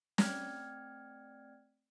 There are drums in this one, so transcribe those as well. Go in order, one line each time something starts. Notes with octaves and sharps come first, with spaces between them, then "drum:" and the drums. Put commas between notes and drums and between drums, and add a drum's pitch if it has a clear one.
A3 C4 D5 G5 F6 G#6, drum: snare